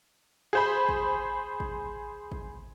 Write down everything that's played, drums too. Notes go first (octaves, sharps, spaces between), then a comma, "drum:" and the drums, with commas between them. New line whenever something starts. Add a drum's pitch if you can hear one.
G#4 C5 B5
drum: kick
drum: kick
drum: kick